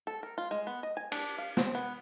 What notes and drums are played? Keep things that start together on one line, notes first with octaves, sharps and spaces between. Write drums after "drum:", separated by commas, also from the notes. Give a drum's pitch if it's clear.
A4
A#4
F4
G#3
B3
D#5
G#5
D4, drum: cymbal
F5
C4, drum: snare
B3